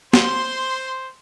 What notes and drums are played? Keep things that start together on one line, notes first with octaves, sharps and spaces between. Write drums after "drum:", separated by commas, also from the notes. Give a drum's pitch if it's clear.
C5 C6, drum: snare